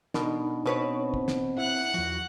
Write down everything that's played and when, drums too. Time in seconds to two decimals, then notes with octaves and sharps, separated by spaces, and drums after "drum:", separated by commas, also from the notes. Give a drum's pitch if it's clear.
0.14 B2 D4 D#4 A#4, drum: snare
0.66 B2 C4 B4 C#5
1.14 drum: kick
1.28 drum: snare
1.58 E4 F#5 F#6
1.94 E2 F3 F#4